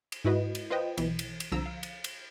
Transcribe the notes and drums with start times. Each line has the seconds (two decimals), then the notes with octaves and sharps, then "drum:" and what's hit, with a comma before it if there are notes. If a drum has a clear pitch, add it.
0.12 drum: cymbal
0.25 G#2 E4 F#4 B4 D#5
0.55 drum: cymbal
0.70 F4 B4 C5 D#5 G5
0.98 B1 E3, drum: cymbal
1.19 drum: cymbal
1.40 drum: cymbal
1.52 C2 D3 F3 A#5 E6
1.66 F5
1.83 drum: cymbal
2.04 drum: cymbal